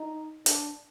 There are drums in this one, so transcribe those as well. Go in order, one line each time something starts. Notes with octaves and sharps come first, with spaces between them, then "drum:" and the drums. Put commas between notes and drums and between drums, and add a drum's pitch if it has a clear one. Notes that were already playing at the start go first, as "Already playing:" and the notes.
Already playing: D#4
D4, drum: hi-hat